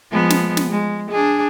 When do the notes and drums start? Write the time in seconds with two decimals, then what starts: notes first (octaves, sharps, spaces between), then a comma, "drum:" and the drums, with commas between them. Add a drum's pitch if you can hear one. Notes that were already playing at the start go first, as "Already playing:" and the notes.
0.11 F3 G#3 B3
0.30 drum: snare
0.57 drum: snare
0.70 G#3
1.11 D4 G#4